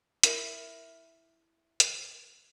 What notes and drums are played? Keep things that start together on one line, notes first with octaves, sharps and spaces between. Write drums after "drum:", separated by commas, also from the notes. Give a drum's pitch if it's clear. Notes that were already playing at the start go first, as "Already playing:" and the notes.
E4 A#4 E5, drum: hi-hat
drum: hi-hat